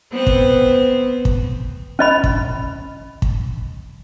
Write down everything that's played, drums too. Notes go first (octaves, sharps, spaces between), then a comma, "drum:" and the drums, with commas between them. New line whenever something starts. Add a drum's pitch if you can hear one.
B3 C4
drum: kick
drum: kick
C#4 D#5 B5
drum: kick
drum: kick